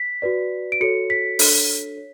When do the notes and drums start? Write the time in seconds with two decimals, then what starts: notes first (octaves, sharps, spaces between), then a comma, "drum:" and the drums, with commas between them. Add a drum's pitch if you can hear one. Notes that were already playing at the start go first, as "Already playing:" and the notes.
Already playing: B6
0.22 F#4 B4 D5
0.72 D7
0.81 F#4 A4 C#5 C#7
1.10 B6
1.39 D4 A4 C#5, drum: open hi-hat
1.97 C#5